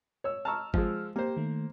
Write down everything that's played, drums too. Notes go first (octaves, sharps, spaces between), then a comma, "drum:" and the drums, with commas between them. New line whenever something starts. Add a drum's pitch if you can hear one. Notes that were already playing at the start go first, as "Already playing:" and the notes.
C#5 E6
A5 A#5 C#6 E6 F6
F3 G#3, drum: kick G1
A#3 G4 C5
D#3 A3